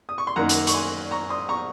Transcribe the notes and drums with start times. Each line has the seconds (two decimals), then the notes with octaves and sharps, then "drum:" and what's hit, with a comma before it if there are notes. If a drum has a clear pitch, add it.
0.09 D#6
0.18 C#6
0.27 C6
0.36 F#2 D#3 A#3 D#4 F#5 A#5
0.49 drum: hi-hat
0.67 C#6, drum: hi-hat
0.73 G#5 C6
1.11 A#5 C#6
1.30 C6 D#6
1.49 A#5 C#6